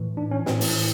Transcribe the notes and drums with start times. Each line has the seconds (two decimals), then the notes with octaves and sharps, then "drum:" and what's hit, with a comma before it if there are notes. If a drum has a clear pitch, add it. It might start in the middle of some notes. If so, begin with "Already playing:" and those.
Already playing: A2 E3
0.17 D4
0.31 C#4
0.46 A2 E3 C4, drum: snare
0.61 drum: open hi-hat